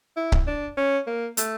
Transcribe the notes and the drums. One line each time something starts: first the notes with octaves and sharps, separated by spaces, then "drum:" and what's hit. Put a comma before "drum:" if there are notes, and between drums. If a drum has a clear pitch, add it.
E4
drum: kick C#1
D4
C#4
A#3
A3, drum: hi-hat